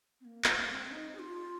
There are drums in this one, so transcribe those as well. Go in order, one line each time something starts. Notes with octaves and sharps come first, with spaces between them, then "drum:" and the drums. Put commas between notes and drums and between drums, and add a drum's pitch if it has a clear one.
C4
A#3
G#3, drum: clap
C4
D#4
G#4
F4